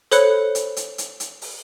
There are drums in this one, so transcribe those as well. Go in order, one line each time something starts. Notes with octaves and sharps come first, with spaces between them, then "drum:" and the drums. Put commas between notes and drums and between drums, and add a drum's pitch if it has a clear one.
A4 C5 C#5 B5 F#6 C#7, drum: hi-hat
drum: hi-hat
drum: hi-hat
drum: hi-hat
drum: hi-hat
drum: open hi-hat